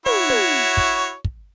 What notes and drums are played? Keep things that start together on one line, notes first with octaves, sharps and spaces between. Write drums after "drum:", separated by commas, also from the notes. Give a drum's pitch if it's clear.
E4 F#4 C#5, drum: tom
drum: tom
drum: kick
drum: kick